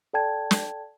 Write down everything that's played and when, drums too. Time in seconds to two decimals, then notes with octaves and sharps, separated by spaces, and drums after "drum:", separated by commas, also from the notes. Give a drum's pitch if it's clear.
0.13 A4 D5 G5 A5 G#6
0.51 drum: snare